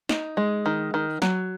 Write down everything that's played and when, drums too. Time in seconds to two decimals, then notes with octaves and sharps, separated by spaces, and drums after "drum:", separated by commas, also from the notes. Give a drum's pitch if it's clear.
0.09 D#4, drum: snare
0.37 G#3
0.66 D#3
0.94 D#3
1.22 F#3, drum: snare